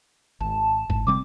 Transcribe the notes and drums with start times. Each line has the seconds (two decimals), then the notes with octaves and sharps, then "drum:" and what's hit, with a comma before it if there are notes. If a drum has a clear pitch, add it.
0.40 G#1 A5
0.90 G#2, drum: kick G1
1.07 C3 G3 C4 D6